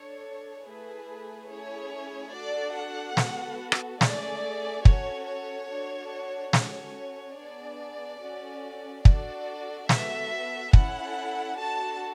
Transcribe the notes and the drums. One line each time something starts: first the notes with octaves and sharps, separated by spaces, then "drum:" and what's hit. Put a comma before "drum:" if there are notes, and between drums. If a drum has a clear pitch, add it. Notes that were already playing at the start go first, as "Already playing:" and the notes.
Already playing: D4 A4 C#5
A3 E4 G#4 B4
A3 C#4 E4 G#4 C#5
D4 F#4 A4 D5
F#5
B3 F#4 A4, drum: snare
drum: rim click
A3 C#4 G#4 D5, drum: snare
C#4 F#4 A4 C#5, drum: kick
C#5
D4 F#4 A4
C#4 F#4 A4 C#5, drum: snare
B3 D4 G#4 D5
C#4 F#4 A4
D4 F#4 A4 D5, drum: kick
B3 F#4 A4 E5, drum: snare
C#4 E4 A4 F#5, drum: kick
D4 F#4 A4 A5